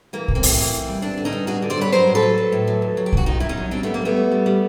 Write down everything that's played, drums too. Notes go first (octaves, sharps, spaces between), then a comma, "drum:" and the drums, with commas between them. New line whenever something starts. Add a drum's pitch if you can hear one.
E3 A#3
E3, drum: kick
A#3 C4
A2, drum: open hi-hat
E3
E3
G3
G2 C4 D4
D3
C#4 D#4
G2
G2 F#4 G#4
D3
C5 D5
G2 B4 C#5
F#3 A#4 C5
A2
A4 B4
F#3
F#3
A2
F#3
D#2
F#3
G4
D#2 F#4, drum: kick
D#3 D#4 F4
D#3 E4
C#4 D#4
F#3
G3 C4 D4
F#2 A3 B3
A#3
G3 A3 B3
F#2
G3
G3